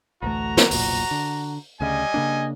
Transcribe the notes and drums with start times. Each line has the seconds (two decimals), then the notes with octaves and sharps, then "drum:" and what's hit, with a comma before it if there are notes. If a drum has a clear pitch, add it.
0.23 A1 D2 A3 F#4 A#5
0.57 drum: snare
0.71 F1 B1 A#2, drum: open hi-hat
1.11 D3
1.81 D2 C#3 G3 D#5 G#5
2.14 C#3 A#3 D4